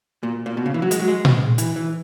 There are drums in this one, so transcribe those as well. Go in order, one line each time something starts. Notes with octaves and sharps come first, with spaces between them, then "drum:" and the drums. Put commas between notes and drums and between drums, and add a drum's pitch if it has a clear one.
A#2
A#2
B2
C#3
E3
F#3
G#3, drum: hi-hat
F#3
G#3
drum: tom A#2
E3, drum: hi-hat
E3